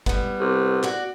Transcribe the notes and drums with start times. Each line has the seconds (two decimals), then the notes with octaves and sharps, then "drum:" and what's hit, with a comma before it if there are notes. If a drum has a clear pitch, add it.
0.06 G3 B3, drum: kick
0.40 C2
0.84 F#4 D5, drum: clap